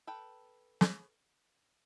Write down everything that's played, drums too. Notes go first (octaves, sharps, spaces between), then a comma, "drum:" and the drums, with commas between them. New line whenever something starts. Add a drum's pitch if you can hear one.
A4 B4 G5
drum: snare